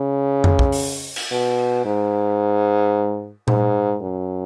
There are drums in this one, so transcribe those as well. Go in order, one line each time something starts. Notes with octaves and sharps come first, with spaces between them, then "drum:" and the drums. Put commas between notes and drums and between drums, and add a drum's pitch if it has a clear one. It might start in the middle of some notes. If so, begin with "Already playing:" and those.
Already playing: C#3
drum: tom F2
drum: kick
drum: open hi-hat
drum: cymbal
B2
G#2
G#2, drum: tom A#2
F#2